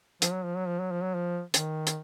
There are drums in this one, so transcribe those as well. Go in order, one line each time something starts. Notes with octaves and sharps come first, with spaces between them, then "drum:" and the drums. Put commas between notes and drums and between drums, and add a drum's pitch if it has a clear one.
F3, drum: hi-hat
F#3
F3
F#3
F3
F#3
F3
F#3
F3
D#3, drum: hi-hat
drum: hi-hat